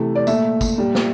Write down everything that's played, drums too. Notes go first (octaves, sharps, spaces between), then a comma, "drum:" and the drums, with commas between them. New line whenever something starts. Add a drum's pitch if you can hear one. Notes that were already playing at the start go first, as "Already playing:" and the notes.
Already playing: C3 E3 A3
D5
A#2 A3 E5, drum: tambourine
drum: kick, tambourine
A#2 G3
drum: snare